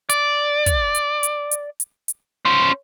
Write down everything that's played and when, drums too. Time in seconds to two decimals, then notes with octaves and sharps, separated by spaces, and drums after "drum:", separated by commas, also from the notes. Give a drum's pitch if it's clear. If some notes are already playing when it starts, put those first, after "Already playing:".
0.10 D5, drum: hi-hat
0.66 drum: kick, hi-hat
0.95 drum: hi-hat
1.23 drum: hi-hat
1.51 drum: hi-hat
1.80 drum: hi-hat
2.08 drum: hi-hat
2.45 C#4 C5